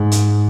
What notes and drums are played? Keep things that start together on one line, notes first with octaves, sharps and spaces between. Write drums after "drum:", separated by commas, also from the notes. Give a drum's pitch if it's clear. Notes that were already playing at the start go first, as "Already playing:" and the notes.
Already playing: G#2
drum: hi-hat